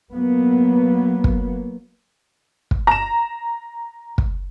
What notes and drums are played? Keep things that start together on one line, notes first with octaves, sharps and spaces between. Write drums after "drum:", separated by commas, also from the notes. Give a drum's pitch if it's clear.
F#3 A#3 B3
drum: kick
drum: kick
A#5 E7
drum: kick